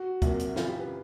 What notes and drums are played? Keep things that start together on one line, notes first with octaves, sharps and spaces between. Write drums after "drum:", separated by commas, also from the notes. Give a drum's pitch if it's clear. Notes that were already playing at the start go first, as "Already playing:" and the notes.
Already playing: F#4
C2 A#2 F#3 A#3, drum: kick, hi-hat
drum: hi-hat
F#2 C#3 E3 F4, drum: snare
G4
B4